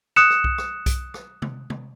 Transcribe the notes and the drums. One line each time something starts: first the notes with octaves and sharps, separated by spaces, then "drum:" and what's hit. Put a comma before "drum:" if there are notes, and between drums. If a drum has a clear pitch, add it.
D#6 F#6 C#7 E7
drum: rim click
drum: kick B1
drum: rim click
drum: kick B1, hi-hat
drum: rim click
drum: tom C3
drum: tom C3